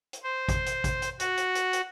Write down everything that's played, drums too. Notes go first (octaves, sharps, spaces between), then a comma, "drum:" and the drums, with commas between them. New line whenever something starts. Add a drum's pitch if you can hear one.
drum: hi-hat
C5
drum: kick A1, hi-hat
drum: hi-hat
drum: kick A1, hi-hat
drum: hi-hat
F#4, drum: hi-hat
drum: hi-hat
drum: hi-hat
drum: hi-hat